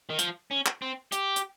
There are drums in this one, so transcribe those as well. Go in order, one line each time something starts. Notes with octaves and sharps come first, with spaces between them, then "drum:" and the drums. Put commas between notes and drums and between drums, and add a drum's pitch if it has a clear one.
D#3
F3, drum: hi-hat
C#4
drum: clap
C4
G4, drum: hi-hat
drum: hi-hat